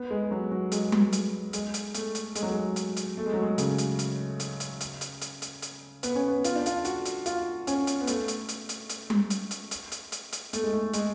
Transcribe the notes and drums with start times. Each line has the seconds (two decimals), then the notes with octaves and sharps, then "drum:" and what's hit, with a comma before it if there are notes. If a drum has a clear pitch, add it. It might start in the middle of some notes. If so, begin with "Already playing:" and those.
Already playing: B3
0.10 G#3
0.31 F#3
0.51 F#3
0.72 G#3, drum: hi-hat
0.92 drum: tom G3
1.13 drum: hi-hat
1.53 G#3, drum: hi-hat
1.74 drum: hi-hat
1.94 A3, drum: hi-hat
2.15 drum: hi-hat
2.35 G#3, drum: hi-hat
2.43 F#3
2.50 G#3
2.76 drum: hi-hat
2.97 drum: hi-hat
3.17 A3
3.26 G#3
3.34 F#3
3.42 G#3
3.58 C#3, drum: hi-hat
3.78 drum: hi-hat
3.99 drum: hi-hat
4.40 drum: hi-hat
4.60 drum: hi-hat
4.81 drum: hi-hat
5.01 drum: hi-hat
5.22 drum: hi-hat
5.42 drum: hi-hat
5.62 drum: hi-hat
6.03 B3, drum: hi-hat
6.15 C#4
6.28 B3
6.44 F4, drum: hi-hat
6.55 D4
6.66 F4, drum: hi-hat
6.85 F#4, drum: hi-hat
7.05 drum: hi-hat
7.26 F4, drum: hi-hat
7.67 C#4, drum: hi-hat
7.87 drum: hi-hat
8.01 B3
8.07 A3, drum: hi-hat
8.28 drum: hi-hat
8.49 drum: hi-hat
8.69 drum: hi-hat
8.89 drum: hi-hat
9.10 drum: tom G3
9.30 drum: hi-hat
9.51 drum: hi-hat
9.71 drum: hi-hat
9.92 drum: hi-hat
10.12 drum: hi-hat
10.33 drum: hi-hat
10.53 A3, drum: hi-hat
10.63 G#3
10.73 A3
10.93 G#3, drum: hi-hat